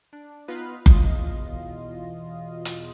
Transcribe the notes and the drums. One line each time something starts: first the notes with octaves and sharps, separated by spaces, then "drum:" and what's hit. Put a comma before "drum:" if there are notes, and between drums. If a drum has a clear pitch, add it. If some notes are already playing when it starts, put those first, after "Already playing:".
D4
B3 D#4 F4 B4 D#5 F5
E2 B2 F4 D#5, drum: kick F#1
drum: hi-hat